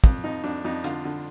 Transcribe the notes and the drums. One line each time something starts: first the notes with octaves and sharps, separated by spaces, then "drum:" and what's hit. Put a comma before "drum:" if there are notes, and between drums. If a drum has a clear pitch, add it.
F2, drum: kick, hi-hat
F2 D#4
F2 D4
F2 D#4
D3 F4, drum: hi-hat
D3